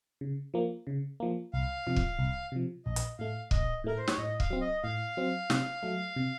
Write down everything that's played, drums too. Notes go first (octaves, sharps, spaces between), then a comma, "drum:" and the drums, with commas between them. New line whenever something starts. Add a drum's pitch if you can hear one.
C#3
F3 A#3
C#3
F3 A#3
C2 F5
C3 F3
drum: kick
C2
C3 F3
A#1 D#5
drum: hi-hat
A2 A3 F5
A#1 D#5, drum: kick
A2 A3 A#4
C5
C#5, drum: snare
A2 D#5
F5, drum: kick
F#3 C4
D#5
A2 F5
F#3 C4
C3, drum: snare
F#3 A3
C3